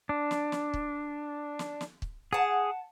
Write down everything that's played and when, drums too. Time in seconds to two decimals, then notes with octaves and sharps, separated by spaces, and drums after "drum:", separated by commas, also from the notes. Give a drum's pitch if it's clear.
0.09 D4
0.31 drum: snare
0.52 drum: snare
0.74 drum: kick
1.59 drum: snare
1.81 drum: snare
2.02 drum: kick
2.33 G#4 F#5 A5